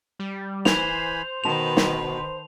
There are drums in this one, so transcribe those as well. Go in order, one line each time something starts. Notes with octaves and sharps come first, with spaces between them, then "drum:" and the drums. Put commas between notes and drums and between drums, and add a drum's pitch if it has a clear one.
G3
E3 C5 G#5 B5 F7, drum: snare
B2 D#3 B4 A5 F7
drum: snare